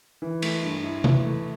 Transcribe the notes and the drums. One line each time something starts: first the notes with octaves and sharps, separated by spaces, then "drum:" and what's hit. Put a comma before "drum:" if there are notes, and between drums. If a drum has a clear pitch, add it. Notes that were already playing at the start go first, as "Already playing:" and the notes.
E3
A3, drum: cymbal
G2
E4
E3, drum: tom C3
A3